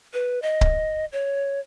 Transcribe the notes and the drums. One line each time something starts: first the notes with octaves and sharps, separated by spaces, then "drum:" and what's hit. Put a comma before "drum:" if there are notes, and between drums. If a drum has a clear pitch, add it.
B4
D#5
drum: kick C#1
C#5